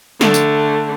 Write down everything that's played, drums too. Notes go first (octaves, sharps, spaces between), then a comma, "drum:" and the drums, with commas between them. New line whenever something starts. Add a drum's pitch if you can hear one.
D3 A3, drum: snare
drum: tambourine